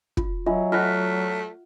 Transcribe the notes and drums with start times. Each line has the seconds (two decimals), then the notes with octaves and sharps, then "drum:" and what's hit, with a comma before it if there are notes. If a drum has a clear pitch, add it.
0.17 F4, drum: kick
0.46 F#3 F4 D#5 E5 G#5
0.72 A3 F4 E5 F#5 F6 F#6 B6